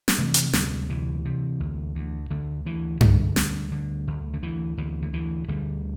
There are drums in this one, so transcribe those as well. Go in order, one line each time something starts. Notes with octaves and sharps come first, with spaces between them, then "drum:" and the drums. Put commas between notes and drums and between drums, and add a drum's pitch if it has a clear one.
drum: snare
C3 E3 A3
drum: hi-hat
D2 D3 G3, drum: snare
C3 E3
C3
D2
D2
D2 D3
D2 E3
D2 D3 G3, drum: tom G2
D2, drum: snare
D3
D2
D3
D2 E3
D2 E3
D3
D2 E3
D2 D3 G3